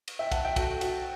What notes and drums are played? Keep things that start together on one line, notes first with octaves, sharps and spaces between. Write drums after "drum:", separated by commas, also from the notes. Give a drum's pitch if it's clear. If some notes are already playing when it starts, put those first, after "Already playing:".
drum: cymbal
E5 G5
F#5 A5, drum: kick, cymbal
E5 G5
F#4 A4, drum: kick, cymbal
F#4, drum: cymbal